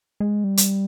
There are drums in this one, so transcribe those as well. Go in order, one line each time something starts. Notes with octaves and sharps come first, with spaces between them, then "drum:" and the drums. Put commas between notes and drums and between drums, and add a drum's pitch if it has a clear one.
G#3
G3
drum: hi-hat